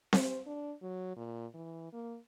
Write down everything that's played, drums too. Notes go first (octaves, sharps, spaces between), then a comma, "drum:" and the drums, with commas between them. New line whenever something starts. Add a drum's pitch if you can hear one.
C5, drum: snare C4
D4
F#3
A#2
E3
A#3